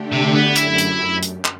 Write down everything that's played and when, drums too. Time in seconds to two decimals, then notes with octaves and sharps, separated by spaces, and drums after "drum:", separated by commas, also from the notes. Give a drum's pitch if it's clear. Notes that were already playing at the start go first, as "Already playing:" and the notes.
Already playing: D3 A3 D4 G4
0.12 C3
0.34 B3
0.56 F#2 E4, drum: hi-hat
0.78 drum: hi-hat
1.23 drum: hi-hat
1.45 drum: clap